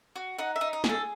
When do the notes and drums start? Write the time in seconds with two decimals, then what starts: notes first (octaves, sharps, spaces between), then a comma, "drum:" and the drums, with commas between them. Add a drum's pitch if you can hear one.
0.16 F#4
0.39 D#4 F#5
0.56 E5
0.61 D#4
0.73 D#5
0.84 G#4, drum: snare
0.89 A4